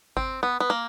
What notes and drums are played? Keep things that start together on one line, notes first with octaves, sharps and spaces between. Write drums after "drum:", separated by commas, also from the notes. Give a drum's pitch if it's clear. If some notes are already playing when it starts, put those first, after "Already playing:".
C4, drum: kick G#1
B3
B3
A#3